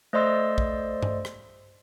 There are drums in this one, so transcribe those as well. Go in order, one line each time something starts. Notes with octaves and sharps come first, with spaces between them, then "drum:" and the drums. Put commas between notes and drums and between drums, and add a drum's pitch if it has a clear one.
A3 C5 D5 D#5 C6 E6
drum: kick A#1
drum: tom G2
drum: rim click